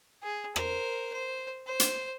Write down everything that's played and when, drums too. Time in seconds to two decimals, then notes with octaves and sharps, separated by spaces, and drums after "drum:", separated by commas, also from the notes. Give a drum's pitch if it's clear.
0.23 G#4
0.56 A#4 C5, drum: rim click
1.13 C5
1.67 C5
1.80 drum: hi-hat